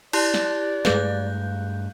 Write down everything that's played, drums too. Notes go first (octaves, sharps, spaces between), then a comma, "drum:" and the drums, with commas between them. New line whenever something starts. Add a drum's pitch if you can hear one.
E4 G4 D5 F#6, drum: cymbal
drum: snare
G2 G#3 A3 G#4 B4 F5 F#6 G6, drum: snare